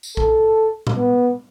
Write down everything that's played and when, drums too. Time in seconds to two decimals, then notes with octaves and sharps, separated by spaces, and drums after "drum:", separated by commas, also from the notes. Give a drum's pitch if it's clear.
0.03 drum: tambourine
0.17 A4, drum: kick A#1
0.87 drum: tom A#2
0.96 B3